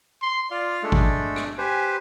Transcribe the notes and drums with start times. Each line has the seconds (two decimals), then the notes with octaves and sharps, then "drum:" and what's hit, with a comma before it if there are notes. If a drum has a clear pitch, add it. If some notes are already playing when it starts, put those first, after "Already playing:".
0.22 C6
0.51 F4 D5 F5
0.83 G#3 A3 D4 A4
0.92 drum: kick G#1
1.36 drum: rim click
1.58 G4 B4 C5 G#5